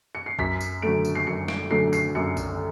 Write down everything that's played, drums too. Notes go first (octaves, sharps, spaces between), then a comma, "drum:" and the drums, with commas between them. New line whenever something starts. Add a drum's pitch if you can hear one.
C#7
C7
F#2 B6, drum: kick
drum: tambourine
D3 F#3 A3 D7
drum: tambourine
C7
F#2 C#7
D7, drum: snare
D3 F#3 A3 C7
C7, drum: tambourine
F#2 C#7
drum: kick, tambourine